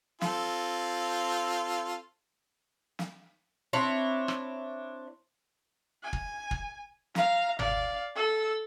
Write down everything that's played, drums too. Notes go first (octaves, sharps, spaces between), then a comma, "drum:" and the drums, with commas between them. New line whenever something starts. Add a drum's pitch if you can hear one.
C4 F4 A4, drum: snare
drum: snare
C4 D4 E4 C#5
drum: rim click
G#5
drum: kick
drum: kick
F5 A#5, drum: snare
D5 F5, drum: tom G1
A4 E6